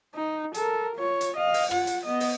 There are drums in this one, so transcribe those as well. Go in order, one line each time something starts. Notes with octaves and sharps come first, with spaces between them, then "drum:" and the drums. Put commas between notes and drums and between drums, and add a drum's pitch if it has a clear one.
D#4
A4 A#4, drum: hi-hat
F4 C#5
drum: hi-hat
D#5 F5
drum: open hi-hat
F4 F#5, drum: rim click
drum: hi-hat
B3 D#5
drum: open hi-hat